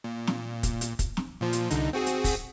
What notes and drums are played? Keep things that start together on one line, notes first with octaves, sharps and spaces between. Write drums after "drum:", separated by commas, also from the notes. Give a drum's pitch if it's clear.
A#2
drum: snare
drum: kick, hi-hat
drum: hi-hat
drum: kick, hi-hat
drum: snare
A#2 F3
drum: hi-hat
C2 D3 D#4, drum: hi-hat
C4 F#4 G#4
drum: hi-hat
drum: kick, open hi-hat